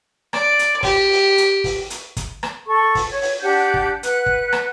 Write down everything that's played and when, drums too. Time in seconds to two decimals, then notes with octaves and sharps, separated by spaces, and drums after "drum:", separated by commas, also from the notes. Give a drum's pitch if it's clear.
0.33 D5, drum: rim click
0.59 drum: hi-hat
0.83 G4, drum: kick, open hi-hat
1.12 drum: open hi-hat
1.38 drum: hi-hat
1.64 drum: kick, open hi-hat
1.90 drum: hi-hat
2.17 drum: kick, hi-hat
2.43 drum: rim click
2.66 A4 C#6
2.95 drum: kick, open hi-hat
3.08 C#5
3.21 drum: open hi-hat
3.41 D4 G4 F#5 G6
3.74 drum: kick
4.03 B4 F#5 F#6, drum: hi-hat
4.26 drum: kick
4.53 drum: rim click